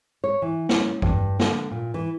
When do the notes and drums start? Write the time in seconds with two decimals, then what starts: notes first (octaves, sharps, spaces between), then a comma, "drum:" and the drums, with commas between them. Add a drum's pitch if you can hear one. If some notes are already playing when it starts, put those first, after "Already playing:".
0.24 C#5
0.42 E3
0.69 drum: snare
0.80 C#4
1.02 G2, drum: kick G#1
1.39 D3, drum: snare
1.71 A#2
1.94 E3